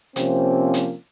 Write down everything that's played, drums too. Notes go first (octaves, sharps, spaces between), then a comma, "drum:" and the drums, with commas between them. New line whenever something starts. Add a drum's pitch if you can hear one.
C3 F3 A#3 C4 C#4, drum: hi-hat
drum: hi-hat